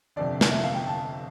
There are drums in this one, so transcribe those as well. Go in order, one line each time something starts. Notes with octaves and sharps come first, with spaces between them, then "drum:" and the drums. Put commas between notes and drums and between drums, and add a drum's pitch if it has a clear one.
G1 F2 C3 D5
drum: snare
E5
F5
G5
A5